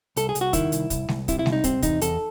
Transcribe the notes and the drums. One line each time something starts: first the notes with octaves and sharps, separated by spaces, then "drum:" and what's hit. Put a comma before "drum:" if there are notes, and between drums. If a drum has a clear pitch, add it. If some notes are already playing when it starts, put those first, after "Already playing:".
C2 A4, drum: hi-hat
G#4
C2, drum: hi-hat
F#4
D#3 E4, drum: kick, hi-hat
C2, drum: hi-hat
C2, drum: kick, hi-hat
C2, drum: snare G#3
C3 E4, drum: kick, hi-hat
E4
C2, drum: snare G#3
D#4
C3 C4, drum: kick, hi-hat
E2 D#4, drum: kick, hi-hat
E2 A4, drum: hi-hat